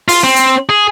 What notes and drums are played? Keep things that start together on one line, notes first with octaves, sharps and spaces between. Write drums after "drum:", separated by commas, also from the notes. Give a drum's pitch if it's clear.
F4, drum: open hi-hat
C4
drum: hi-hat
G#4